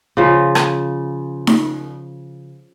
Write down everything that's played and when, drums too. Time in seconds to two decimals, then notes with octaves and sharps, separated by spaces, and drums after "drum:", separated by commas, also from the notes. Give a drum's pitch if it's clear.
0.17 C#3 F3
0.55 drum: rim click
1.47 drum: snare D#4